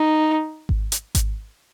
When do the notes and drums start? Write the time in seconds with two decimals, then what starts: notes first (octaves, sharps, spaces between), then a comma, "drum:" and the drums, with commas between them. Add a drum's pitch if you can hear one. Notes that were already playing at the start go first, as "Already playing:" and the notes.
Already playing: D#4
0.69 drum: kick G#1
0.92 drum: hi-hat
1.15 drum: kick G#1, hi-hat